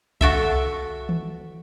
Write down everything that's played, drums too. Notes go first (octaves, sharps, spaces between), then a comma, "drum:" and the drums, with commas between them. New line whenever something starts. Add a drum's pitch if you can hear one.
F#4 A4 E5, drum: kick C2
drum: tom D#3